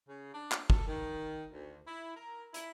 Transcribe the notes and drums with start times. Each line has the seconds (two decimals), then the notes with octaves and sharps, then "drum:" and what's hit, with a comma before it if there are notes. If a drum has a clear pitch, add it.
0.09 C#3
0.33 D4
0.52 drum: clap
0.70 A4, drum: kick
0.88 D#3
1.51 D2
1.88 E4
2.16 A#4
2.54 E4, drum: hi-hat